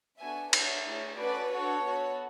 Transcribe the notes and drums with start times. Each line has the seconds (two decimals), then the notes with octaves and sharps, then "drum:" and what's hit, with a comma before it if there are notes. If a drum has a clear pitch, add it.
0.20 B3 D4 F#4 A4 E5 G#5
0.53 D4 F#4 A4 C#5 E5, drum: cymbal
0.85 A3 E4 G#4
1.18 C#4 F#4 A4 B4 D5
1.50 D4 F#4 A4 C#5
1.83 B3 F#4 A4